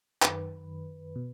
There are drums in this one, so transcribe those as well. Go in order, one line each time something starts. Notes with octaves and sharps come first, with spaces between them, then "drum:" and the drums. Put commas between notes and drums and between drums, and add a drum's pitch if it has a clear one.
F#2 D#3 B4, drum: clap
B2